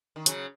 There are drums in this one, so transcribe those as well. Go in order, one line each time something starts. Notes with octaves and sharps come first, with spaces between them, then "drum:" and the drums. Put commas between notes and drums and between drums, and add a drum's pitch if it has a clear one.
D#3
C#3 F#3, drum: hi-hat